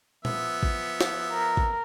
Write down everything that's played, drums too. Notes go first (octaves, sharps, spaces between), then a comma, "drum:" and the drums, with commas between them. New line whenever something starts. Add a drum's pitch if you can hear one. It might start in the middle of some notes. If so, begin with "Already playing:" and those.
F3 B3 E5, drum: tom A#2
drum: kick
drum: snare
A#4
drum: kick